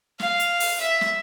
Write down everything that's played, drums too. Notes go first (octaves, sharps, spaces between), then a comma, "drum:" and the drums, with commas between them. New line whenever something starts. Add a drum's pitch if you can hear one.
F5, drum: snare
drum: hi-hat
drum: open hi-hat
E5
drum: snare